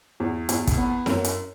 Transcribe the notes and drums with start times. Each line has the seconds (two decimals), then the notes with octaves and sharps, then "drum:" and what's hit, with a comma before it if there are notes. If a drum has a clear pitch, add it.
0.20 E2
0.49 E2, drum: hi-hat
0.67 drum: kick, hi-hat
0.78 B3
1.06 F#2, drum: snare E4
1.24 drum: hi-hat